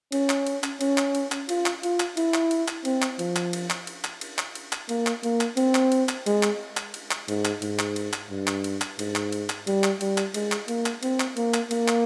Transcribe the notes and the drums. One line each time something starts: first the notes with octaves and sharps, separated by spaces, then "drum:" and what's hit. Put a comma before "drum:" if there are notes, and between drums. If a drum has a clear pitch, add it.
C#4, drum: cymbal
drum: clap
drum: cymbal
drum: clap
C#4, drum: cymbal
drum: clap
drum: cymbal
drum: clap
F4, drum: cymbal
drum: clap
F4, drum: cymbal
drum: clap
E4, drum: cymbal
drum: clap
drum: cymbal
drum: clap
C4, drum: cymbal
drum: clap
F3, drum: cymbal
drum: clap
drum: cymbal
drum: clap
drum: cymbal
drum: clap
drum: cymbal
drum: clap
drum: cymbal
drum: clap
A#3, drum: cymbal
drum: clap
A#3, drum: cymbal
drum: clap
C4, drum: cymbal
drum: clap
drum: cymbal
drum: clap
G#3, drum: cymbal
drum: clap
drum: clap
drum: cymbal
drum: clap
G#2, drum: cymbal
drum: clap
G#2, drum: cymbal
drum: clap
drum: cymbal
drum: clap
G2
drum: clap
drum: cymbal
drum: clap
G#2, drum: cymbal
drum: clap
drum: cymbal
drum: clap
G3, drum: cymbal
drum: clap
G3, drum: cymbal
drum: clap
G#3, drum: cymbal
drum: clap
A#3, drum: cymbal
drum: clap
C4, drum: cymbal
drum: clap
A#3, drum: cymbal
drum: clap
A#3, drum: cymbal
drum: clap